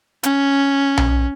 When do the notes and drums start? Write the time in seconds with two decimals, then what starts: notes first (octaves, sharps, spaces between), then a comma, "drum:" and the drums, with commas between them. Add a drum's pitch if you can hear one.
0.23 C#4, drum: hi-hat
0.97 drum: tom B1